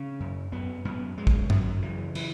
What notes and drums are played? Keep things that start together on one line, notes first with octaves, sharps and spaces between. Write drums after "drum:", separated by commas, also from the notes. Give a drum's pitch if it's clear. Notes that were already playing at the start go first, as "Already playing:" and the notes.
Already playing: C#3 C#4
F#2
F#2 B3
F#2 B3
F#2 G#3
drum: kick
F#2 F#3, drum: tom G2
C#3 E3
E3, drum: cymbal